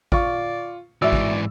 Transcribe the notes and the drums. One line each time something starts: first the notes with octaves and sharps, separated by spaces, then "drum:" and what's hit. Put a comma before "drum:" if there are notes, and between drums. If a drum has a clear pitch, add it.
F4 D5 C#6, drum: kick G#1
G#2 E3 F#4 D5 E5 E6
drum: kick G#1